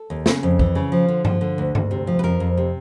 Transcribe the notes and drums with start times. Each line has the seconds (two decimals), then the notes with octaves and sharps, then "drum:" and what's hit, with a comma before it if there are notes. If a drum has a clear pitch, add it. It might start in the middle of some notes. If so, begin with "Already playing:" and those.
Already playing: A4
0.10 D#2
0.26 C#3, drum: snare
0.43 F2
0.59 E3, drum: kick
0.75 C#3
0.92 F3
1.09 D3
1.25 F3, drum: tom G2
1.41 D3
1.58 D2
1.75 D2, drum: tom G2
1.91 C3
2.07 F3
2.19 B4
2.23 F2 A#4
2.40 F2
2.57 C3